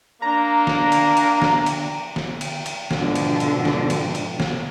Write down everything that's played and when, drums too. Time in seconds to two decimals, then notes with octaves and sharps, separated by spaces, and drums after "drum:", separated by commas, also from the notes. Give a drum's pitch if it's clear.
0.22 A#3 D4 A#5
0.67 drum: snare
0.92 drum: cymbal
1.17 drum: cymbal
1.42 drum: snare
1.66 drum: cymbal
2.16 drum: snare
2.41 drum: cymbal
2.66 drum: cymbal
2.91 G#2 B2 D3 F3, drum: snare
3.15 drum: cymbal
3.40 drum: cymbal
3.65 drum: snare
3.90 drum: cymbal
4.15 drum: cymbal
4.40 drum: snare